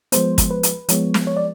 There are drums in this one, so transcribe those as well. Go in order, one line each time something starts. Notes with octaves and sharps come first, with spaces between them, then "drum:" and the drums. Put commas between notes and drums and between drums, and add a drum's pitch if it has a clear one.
F3 G#3 B3 C5, drum: hi-hat
drum: kick, hi-hat
B4
drum: hi-hat
F3 G#3 B3 C#5, drum: hi-hat
drum: snare
C#5
D5